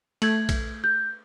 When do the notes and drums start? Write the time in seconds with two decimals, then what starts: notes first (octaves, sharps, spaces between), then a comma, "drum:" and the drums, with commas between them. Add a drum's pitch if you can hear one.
0.22 A3 G#6 F#7, drum: cymbal
0.49 drum: kick A#1, cymbal
0.84 G6